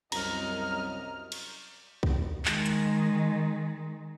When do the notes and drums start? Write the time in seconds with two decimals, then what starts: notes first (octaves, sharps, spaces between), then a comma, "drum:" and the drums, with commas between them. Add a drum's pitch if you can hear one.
0.12 C2 F#2 D#5 A#5 F6, drum: cymbal
1.32 drum: cymbal
2.03 drum: kick C2
2.45 D#3 G#3, drum: clap
2.66 drum: hi-hat